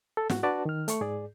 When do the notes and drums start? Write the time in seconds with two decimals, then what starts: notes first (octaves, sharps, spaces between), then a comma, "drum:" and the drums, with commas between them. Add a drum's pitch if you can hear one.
0.17 A4
0.30 G#2 F#4, drum: snare
0.43 D4 F#4 B4 D5 A5
0.65 D#3 F6
0.88 A3 C#6, drum: hi-hat
1.01 G#2 G#4 D5